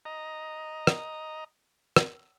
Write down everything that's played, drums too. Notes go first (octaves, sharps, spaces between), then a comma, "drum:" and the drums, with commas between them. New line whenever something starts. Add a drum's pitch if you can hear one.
D#5 A#5
drum: rim click
drum: rim click